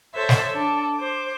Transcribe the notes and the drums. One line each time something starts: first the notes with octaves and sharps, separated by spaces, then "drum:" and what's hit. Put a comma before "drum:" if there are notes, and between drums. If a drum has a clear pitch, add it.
A4 C5 C#5 E5
drum: snare
D4 A4
C5 D6